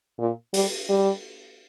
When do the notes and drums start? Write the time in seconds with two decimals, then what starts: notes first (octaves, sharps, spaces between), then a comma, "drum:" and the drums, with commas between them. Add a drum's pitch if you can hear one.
0.19 A#2
0.54 G3, drum: open hi-hat
0.89 G3